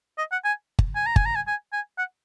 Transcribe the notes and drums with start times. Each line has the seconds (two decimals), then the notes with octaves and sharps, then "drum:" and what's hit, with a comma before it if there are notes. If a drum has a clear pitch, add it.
0.18 D#5
0.32 F#5
0.45 G#5
0.79 drum: kick G1
0.96 G#5
1.06 A#5
1.16 G#5, drum: kick G1
1.26 A#5
1.36 G#5
1.47 G#5
1.73 G#5
1.98 F#5